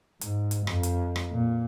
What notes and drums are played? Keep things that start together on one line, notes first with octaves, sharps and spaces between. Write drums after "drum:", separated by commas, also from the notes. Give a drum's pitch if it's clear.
G#2, drum: hi-hat
drum: hi-hat
F2, drum: rim click
drum: hi-hat
drum: rim click
A#2